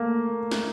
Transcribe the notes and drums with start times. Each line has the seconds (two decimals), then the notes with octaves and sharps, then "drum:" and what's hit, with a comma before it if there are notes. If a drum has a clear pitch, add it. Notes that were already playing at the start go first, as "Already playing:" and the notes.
Already playing: A3 A#3
0.51 drum: snare